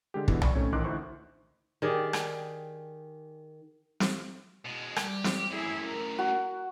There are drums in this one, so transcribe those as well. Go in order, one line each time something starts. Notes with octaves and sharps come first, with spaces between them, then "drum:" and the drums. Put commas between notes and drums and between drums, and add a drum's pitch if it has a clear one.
D3 G#3 G4
B2 D3 E3, drum: kick
D5 B5 C#6, drum: tom B1
A3 C4 C#4 D#4 C#5
A1 D#3 D#4 C6 D6 F#6
D2 D#4 E4 C5 C#6
D#3 G4 G#4 D5
drum: rim click
drum: snare
B2 G#3
G3 G4, drum: rim click
drum: snare
F#2 A2 E4 G#4
A#4
F#4